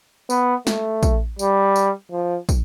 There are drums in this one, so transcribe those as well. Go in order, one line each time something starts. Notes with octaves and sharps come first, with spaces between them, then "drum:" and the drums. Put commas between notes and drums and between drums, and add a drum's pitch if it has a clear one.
B3, drum: tambourine
A3, drum: snare
drum: kick, tambourine
G3, drum: tambourine
drum: tambourine
F3
drum: kick, tambourine